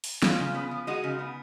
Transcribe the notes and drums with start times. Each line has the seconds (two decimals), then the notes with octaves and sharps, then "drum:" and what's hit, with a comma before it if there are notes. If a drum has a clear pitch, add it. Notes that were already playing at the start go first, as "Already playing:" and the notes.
0.04 drum: open hi-hat
0.23 G#3 C#4 F4, drum: snare
0.39 C#3
0.54 B3
0.71 F3
0.87 G#3 D#4 F#4
1.04 C#3
1.19 B3